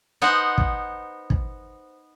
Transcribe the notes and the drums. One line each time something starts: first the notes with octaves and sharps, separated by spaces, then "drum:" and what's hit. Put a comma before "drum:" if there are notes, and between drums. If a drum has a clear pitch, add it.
B3 D#4 C5 F#5 G#5
drum: kick
drum: kick